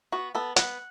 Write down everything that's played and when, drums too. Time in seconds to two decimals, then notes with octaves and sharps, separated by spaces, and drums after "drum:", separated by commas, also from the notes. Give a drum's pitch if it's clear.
0.12 B3 F#4
0.35 B3 A4
0.56 B3 F#5, drum: hi-hat